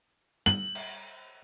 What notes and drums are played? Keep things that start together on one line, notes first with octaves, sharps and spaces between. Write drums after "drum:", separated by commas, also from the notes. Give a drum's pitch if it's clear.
F#7, drum: tom G3
drum: cymbal